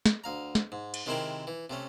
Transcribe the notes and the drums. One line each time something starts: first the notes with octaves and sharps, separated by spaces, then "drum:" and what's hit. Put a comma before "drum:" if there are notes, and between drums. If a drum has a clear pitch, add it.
drum: snare
D2 F5 A#5
drum: snare
G#2
drum: cymbal
C3 D#3 G#3 C4 E4 A#4
E3
C3 A3 C#4